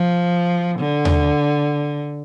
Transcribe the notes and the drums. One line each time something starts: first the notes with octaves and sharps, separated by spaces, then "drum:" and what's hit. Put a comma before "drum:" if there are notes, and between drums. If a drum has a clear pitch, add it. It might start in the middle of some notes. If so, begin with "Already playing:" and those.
Already playing: F3
D3
drum: tom D#2